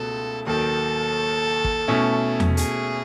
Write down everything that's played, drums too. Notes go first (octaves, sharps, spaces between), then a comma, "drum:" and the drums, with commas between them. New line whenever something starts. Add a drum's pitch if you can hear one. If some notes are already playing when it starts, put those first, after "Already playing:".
Already playing: C#2 B2 A3 A4
D#2 D#3 F#3 A4
drum: kick
B2 A3 C#4 E4
drum: tom E2
G#4, drum: hi-hat